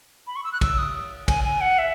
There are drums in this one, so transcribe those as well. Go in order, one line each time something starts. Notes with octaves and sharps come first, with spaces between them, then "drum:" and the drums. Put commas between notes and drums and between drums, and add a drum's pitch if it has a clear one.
B5
C#6
E6
F#6
E6, drum: kick, cymbal
D#6
G#5, drum: kick, cymbal
G#5
F#5
E5